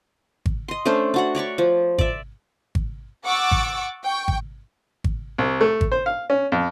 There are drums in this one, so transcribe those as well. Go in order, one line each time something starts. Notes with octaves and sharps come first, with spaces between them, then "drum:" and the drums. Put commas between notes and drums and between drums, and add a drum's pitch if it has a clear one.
drum: kick G#1
D#5 C6
A3 C#4 D4 C5
D4 F#4 F#5
C#5 D5 B5 C#6
F3
D5 E5, drum: kick G#1
drum: kick G#1
F#5 C#6 D6 E6 A6
drum: kick G#1
G5 C#6
drum: kick G#1
drum: kick G#1
C2
A3
drum: kick G#1
C5
F5
C#4
F2